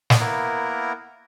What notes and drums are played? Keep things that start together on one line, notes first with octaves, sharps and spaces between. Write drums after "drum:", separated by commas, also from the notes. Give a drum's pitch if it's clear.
drum: snare
A#3 B3 E4 A#4